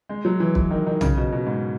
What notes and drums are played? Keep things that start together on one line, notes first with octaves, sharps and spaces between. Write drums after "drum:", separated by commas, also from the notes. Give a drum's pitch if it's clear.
G#3
F#3
E3
E3, drum: kick
D#3
D#3
C#3, drum: tom
B2
B2
G#2